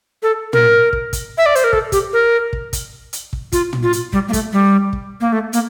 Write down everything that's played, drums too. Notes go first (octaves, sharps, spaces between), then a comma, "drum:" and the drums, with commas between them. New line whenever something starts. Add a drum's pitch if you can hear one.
A4
A#4, drum: tom
drum: kick
drum: kick, hi-hat
E5
D5
C5, drum: hi-hat
A#4
A4, drum: kick
G4, drum: kick, hi-hat
A#4
drum: kick
drum: kick, hi-hat
drum: hi-hat
drum: kick
F4, drum: kick, hi-hat
drum: tom
F4
drum: hi-hat
G3, drum: kick
A#3
A3, drum: kick, hi-hat
G3
drum: kick
A#3
A3
A#3, drum: hi-hat